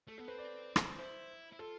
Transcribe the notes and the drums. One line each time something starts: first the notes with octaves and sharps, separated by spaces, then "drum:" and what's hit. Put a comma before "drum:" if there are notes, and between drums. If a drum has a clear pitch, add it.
A3 A4
B3 A4
C4 B4
D5
drum: rim click
E4 C5
E4
F4 A4